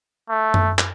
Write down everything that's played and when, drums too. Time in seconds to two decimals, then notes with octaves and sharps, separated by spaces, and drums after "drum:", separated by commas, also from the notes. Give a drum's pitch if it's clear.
0.30 A3
0.54 drum: tom F#2
0.79 drum: clap